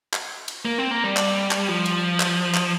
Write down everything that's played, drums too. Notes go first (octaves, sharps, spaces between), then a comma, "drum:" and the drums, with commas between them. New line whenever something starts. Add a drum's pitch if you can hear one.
drum: clap
drum: cymbal
A#3
C4
A#3
G3
drum: clap
drum: clap
F3
drum: cymbal
drum: clap
drum: clap